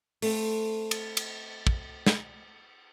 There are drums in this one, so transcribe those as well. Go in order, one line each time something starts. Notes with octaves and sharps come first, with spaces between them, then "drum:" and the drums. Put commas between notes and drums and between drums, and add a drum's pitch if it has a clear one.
A3 C4, drum: open hi-hat
drum: cymbal
drum: cymbal
drum: kick
drum: snare